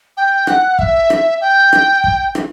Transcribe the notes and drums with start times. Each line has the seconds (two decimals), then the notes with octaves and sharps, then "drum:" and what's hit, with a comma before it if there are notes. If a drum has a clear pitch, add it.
0.17 G5
0.47 F#5, drum: rim click
0.79 E5, drum: kick
1.10 drum: rim click
1.41 G5
1.73 drum: rim click
2.04 drum: kick
2.35 drum: rim click